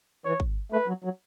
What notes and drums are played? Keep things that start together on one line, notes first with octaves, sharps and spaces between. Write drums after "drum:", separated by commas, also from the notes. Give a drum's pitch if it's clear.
E3 C#5
drum: kick
A3 B4
F#3
F#3